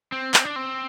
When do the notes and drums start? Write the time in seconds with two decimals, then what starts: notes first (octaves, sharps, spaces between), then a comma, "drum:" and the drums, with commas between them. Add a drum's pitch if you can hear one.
0.12 C4
0.34 C4, drum: clap
0.45 D4
0.56 C4